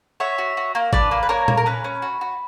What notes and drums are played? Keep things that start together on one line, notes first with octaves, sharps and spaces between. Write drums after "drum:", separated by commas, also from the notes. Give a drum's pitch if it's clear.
F#4 C#5 E5
F#4
F#4
A#3
D4 B4 D5, drum: kick G#1
A#3
B4
A#3 A#4 C#5
A#3, drum: tom A#2
A#4
C#4 B4
C#4
F#4
F#4